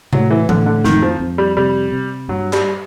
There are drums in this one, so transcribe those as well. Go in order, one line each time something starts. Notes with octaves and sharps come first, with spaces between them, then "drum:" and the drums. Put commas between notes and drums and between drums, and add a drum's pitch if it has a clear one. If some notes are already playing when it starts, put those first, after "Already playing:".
A2 F#3, drum: tom C3
E3
A2 D3, drum: tom E3
D3
F2 D#3, drum: snare
F3
F2
G3
C3 G3
C3
G2 F#3
G3, drum: clap